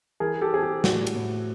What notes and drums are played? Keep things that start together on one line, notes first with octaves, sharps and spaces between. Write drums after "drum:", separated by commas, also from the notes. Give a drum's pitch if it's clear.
E3 G#4 A#4
G4 A4
C4 G#4
G4
A2 F#4, drum: snare
drum: cymbal
A2